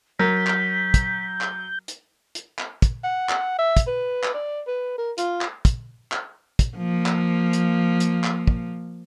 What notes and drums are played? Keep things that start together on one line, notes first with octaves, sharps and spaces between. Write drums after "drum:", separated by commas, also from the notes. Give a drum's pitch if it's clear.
F#3 A#4 G6 B6
drum: clap
drum: kick, hi-hat
drum: clap
drum: hi-hat
drum: hi-hat
drum: clap
drum: kick, hi-hat
F#5
drum: clap
E5
drum: kick, hi-hat
B4
drum: clap
D5
B4
A#4
F4, drum: hi-hat
drum: clap
drum: kick, hi-hat
drum: clap
drum: kick, hi-hat
F3 A#3
drum: clap
drum: hi-hat
drum: hi-hat
drum: clap
drum: kick